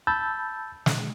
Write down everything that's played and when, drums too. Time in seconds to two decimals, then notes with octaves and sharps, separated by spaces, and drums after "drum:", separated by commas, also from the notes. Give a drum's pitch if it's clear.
0.07 A5 B5 E6 G6 A6
0.86 drum: snare